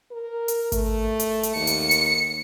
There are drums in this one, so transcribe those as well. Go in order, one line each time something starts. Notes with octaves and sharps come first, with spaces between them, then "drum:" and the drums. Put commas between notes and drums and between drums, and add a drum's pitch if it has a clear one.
A#4
drum: hi-hat
A3, drum: kick G#1, hi-hat
drum: hi-hat
drum: hi-hat
D#2 C#7
drum: hi-hat
drum: hi-hat